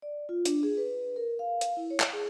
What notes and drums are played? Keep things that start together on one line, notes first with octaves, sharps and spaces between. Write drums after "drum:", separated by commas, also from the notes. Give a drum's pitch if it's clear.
D5
F4
D4, drum: hi-hat
G#4
B4
A#4
F5
drum: hi-hat
E4
C#5
drum: clap
G#4